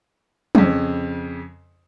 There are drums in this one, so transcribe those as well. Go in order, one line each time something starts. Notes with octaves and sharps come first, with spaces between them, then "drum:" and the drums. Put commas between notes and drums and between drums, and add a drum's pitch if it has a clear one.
F2 C#3, drum: tom